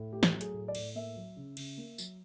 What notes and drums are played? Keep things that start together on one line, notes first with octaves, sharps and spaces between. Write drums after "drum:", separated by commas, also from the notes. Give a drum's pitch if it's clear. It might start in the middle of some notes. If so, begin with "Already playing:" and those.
Already playing: A2
A3 G4
drum: snare
F#3
G#4, drum: hi-hat
A2
D5
A2, drum: cymbal
A#3 E5
F#3
C#3
C#3, drum: cymbal
A#3
F#3, drum: tambourine